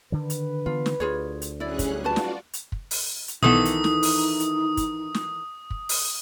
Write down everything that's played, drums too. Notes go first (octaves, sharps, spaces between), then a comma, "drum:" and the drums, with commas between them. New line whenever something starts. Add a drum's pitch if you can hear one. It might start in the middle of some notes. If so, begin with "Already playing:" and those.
D3 D#3 B4
drum: hi-hat
D3 E3 B3 F4
drum: snare
D2 F4 G#4 C#5
drum: hi-hat
F#3 G3 A3 C#4 E4 G#4 D5 F#6
drum: kick, hi-hat
C#4 F4 F#4 B4 D5 A5
drum: snare
drum: hi-hat
drum: kick
drum: open hi-hat
drum: hi-hat
B1 D#3 E3 B3 D#4 A4 D#6
drum: hi-hat
drum: snare
drum: open hi-hat
drum: hi-hat
drum: kick, hi-hat
drum: snare
drum: kick
drum: open hi-hat